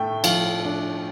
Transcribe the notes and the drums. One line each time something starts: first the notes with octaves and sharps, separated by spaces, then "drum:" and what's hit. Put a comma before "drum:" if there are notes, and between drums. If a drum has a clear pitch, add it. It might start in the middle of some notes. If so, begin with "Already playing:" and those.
Already playing: A2 A3 G5
F3 F5, drum: cymbal
D4